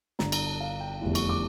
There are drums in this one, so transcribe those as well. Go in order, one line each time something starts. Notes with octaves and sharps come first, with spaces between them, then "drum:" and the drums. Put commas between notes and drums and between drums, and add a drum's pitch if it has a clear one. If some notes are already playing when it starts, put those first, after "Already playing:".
G1 G2 D3 A#5, drum: snare
A#5, drum: cymbal
A5
F5
G5
F1 E2 D3 A3 E4
C#6, drum: cymbal
D6